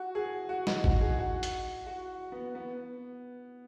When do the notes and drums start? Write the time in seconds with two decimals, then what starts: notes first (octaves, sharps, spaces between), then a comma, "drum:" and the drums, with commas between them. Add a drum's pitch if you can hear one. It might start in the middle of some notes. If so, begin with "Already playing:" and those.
Already playing: F#4
0.15 G#4
0.49 F#4
0.67 D#4, drum: snare
0.84 F#4, drum: kick G#1
1.01 G#4
1.18 F#4
1.43 drum: hi-hat
1.87 F#4
2.32 B3
2.55 B3